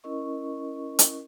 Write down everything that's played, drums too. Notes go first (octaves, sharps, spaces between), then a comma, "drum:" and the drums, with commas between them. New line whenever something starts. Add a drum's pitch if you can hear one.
C#4 E4 A#4 D#5 C#6
drum: hi-hat